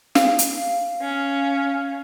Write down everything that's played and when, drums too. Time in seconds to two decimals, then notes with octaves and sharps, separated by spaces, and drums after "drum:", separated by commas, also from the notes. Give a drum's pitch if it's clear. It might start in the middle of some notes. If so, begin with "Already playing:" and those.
0.15 F5, drum: snare
0.39 drum: hi-hat
1.01 C#4